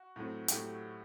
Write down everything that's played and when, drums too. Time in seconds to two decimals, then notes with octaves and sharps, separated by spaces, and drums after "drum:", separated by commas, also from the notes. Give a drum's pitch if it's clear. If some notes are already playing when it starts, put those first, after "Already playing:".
Already playing: F#4
0.16 A2 F#3 A3 C4
0.48 A2 F#3 A3 G4, drum: hi-hat